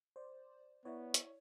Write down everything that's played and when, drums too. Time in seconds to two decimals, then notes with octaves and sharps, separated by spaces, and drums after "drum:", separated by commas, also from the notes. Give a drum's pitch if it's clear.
0.16 C5 D5
0.85 B3 E4 C#5 D5 E5
1.14 drum: hi-hat